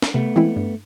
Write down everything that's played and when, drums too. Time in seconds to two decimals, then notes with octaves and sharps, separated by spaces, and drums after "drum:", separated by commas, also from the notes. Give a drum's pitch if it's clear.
0.02 drum: snare
0.14 C3 A3 B3
0.36 E3 G#3 C4 E4
0.56 G2